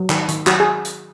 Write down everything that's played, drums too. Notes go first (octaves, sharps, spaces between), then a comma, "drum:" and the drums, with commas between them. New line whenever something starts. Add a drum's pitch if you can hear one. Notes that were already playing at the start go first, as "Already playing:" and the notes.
Already playing: F#3
D#3, drum: clap
D#3, drum: hi-hat
F#3 F#4, drum: clap
G#4
drum: hi-hat